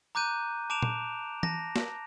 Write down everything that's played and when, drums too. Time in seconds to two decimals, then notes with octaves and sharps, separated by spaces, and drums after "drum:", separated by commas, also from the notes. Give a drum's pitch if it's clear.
0.15 A#5 D6 F#6 G6 D#7
0.70 A5 D6 D7 E7 F7
0.82 drum: tom
1.43 A5 A#6, drum: tom E3
1.76 drum: snare